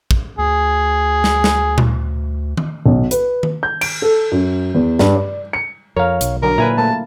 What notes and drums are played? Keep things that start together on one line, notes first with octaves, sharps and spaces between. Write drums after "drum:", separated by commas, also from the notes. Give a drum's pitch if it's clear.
drum: kick
D2 G#4
drum: snare
drum: snare
drum: tom A#2
drum: tom D#3
B1
B4, drum: hi-hat
drum: tom D#3
G6
D7, drum: cymbal
A4
F#2
E2
G2, drum: snare
D5
C#7
F2 A#4 C#5 F5
B1, drum: hi-hat
D3 F#3 A#4
A#2 E4 B4 G#5 A#5
A3 A#3 A5